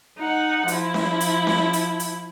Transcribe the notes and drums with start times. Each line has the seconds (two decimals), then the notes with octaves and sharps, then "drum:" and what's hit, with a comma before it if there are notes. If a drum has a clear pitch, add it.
0.18 D#4 F#5
0.68 F3 E4, drum: hi-hat
0.94 drum: snare C#4
1.21 drum: hi-hat
1.47 drum: snare C#4
1.73 drum: hi-hat
2.00 drum: hi-hat